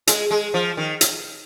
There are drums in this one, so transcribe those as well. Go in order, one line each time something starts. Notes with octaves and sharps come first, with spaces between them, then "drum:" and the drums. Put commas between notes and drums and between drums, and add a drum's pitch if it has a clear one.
G#3, drum: hi-hat
G#3
F3
D#3
drum: hi-hat